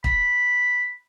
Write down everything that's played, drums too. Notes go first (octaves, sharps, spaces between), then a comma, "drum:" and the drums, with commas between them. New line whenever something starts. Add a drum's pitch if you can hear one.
B5, drum: kick